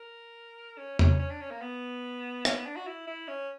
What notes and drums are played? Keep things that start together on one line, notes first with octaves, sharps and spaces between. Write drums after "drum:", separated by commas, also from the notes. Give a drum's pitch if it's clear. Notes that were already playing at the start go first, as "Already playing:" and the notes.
Already playing: A#4
C#4
C#4, drum: tom E2
C#4
D4
C#4
A#3
B3
C#4, drum: rim click
B3
D4
F#4
E4
E4
C#4